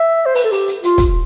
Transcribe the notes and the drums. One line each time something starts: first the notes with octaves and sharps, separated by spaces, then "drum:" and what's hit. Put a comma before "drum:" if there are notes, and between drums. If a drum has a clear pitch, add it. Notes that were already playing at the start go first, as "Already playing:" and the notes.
Already playing: E5
C5
B4, drum: open hi-hat
A4
G4, drum: open hi-hat
drum: hi-hat
F4, drum: hi-hat
drum: kick, hi-hat